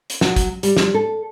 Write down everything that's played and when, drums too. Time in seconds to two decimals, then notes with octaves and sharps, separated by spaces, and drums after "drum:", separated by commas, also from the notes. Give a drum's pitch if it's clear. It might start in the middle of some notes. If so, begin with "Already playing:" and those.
0.10 drum: hi-hat
0.21 F#3, drum: snare
0.36 drum: kick, hi-hat
0.63 G3, drum: hi-hat
0.76 drum: snare
0.94 A4